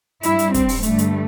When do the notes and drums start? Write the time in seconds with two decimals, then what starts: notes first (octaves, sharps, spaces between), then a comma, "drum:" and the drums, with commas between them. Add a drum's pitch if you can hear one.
0.23 G2 G3 E4, drum: hi-hat
0.39 drum: hi-hat
0.54 C4, drum: kick, hi-hat
0.69 drum: open hi-hat
0.83 G2 D3 G3 A3, drum: hi-hat
0.98 drum: hi-hat